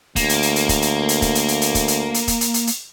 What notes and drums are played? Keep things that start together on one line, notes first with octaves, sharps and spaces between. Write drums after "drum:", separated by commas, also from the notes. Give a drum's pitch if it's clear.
D2 A#3, drum: kick, hi-hat
drum: hi-hat
drum: hi-hat
drum: hi-hat
drum: kick, hi-hat
drum: hi-hat
drum: hi-hat
drum: kick, hi-hat
drum: hi-hat
drum: hi-hat
drum: hi-hat
drum: kick, hi-hat
drum: hi-hat
drum: hi-hat
drum: kick, hi-hat
drum: hi-hat
drum: hi-hat
drum: hi-hat